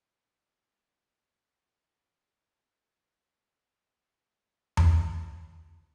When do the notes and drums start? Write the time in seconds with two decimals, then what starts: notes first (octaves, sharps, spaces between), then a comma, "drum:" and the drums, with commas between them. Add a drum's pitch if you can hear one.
0.15 B5
1.36 B2 G3
1.79 F5
3.85 A2
4.42 A#2
4.77 drum: tom E2
5.40 C#3 E3 B3